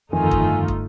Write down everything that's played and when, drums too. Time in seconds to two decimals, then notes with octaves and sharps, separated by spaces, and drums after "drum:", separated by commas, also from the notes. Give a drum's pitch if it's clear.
0.13 G1 F2 D#3 A3 D#4 F4 G#5
0.31 drum: kick
0.68 drum: kick